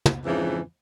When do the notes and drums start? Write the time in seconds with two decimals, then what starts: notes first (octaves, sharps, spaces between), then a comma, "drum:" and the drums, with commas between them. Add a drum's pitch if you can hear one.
0.06 drum: tom
0.24 F2 G#2 C#3 E3